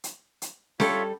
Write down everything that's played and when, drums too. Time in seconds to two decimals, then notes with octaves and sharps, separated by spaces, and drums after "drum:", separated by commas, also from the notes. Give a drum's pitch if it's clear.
0.04 drum: hi-hat
0.42 drum: hi-hat
0.80 G3 F4 A4 C#5 E5, drum: snare C#4